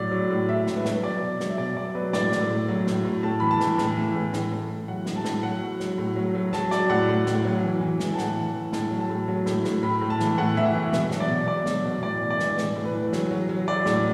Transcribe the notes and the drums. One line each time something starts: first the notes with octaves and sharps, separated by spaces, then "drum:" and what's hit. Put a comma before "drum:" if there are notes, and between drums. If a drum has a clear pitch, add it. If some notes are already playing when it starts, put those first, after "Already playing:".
Already playing: A2 F#3 D5
F#3
A2
A2 E5
A2, drum: snare
B4
F#3, drum: snare
F#3 D5
B2
F#3, drum: snare
E5
B2 D5
F#3 D5
F#3 B4
A2 D5, drum: snare
A2, drum: snare
A2
F#3
A2, drum: snare
A2
A2 A5
E3 B5
A5
E3, drum: snare
A2, drum: snare
E3
A2
A2, drum: snare
A2
A2
F#3 F#5
A2, drum: snare
A5
A2, drum: snare
F#3 F#5
F#3
F#3, drum: snare
A2
F#3
F#3
F#3 A5, drum: snare
F#3 D5, drum: snare
A2 F#5
A2
A2, drum: snare
F#3
E3
E3
E3, drum: snare
A5
A2 F#5, drum: snare
E3
E3
A2 A5, drum: snare
F#3
A5
A2
F#3
A2, drum: snare
A2, drum: snare
A2 B5
A2
A5
E3, drum: snare
A2 F#5
E3 E5
F#5
E3
B2 E5, drum: snare
F#3, drum: snare
D5
B2
B2 D5
F#3, drum: snare
B2
A2 D5
E3
D5
E3, drum: snare
A2 D5, drum: snare
A2
B4
E3
F#3, drum: snare
F#3
F#3
F#3 D5
A2, drum: snare